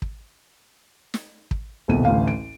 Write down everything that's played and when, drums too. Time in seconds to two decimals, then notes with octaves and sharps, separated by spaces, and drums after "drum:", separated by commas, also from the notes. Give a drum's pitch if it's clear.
0.02 drum: kick
1.14 drum: snare
1.51 drum: kick
1.88 D#1 C2 B2 D#7
2.05 A1 D2 F5
2.28 D7